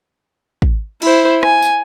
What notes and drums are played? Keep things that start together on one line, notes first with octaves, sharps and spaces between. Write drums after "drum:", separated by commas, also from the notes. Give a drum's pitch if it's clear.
drum: kick
E4 C5, drum: cymbal
G#5, drum: rim click
drum: tambourine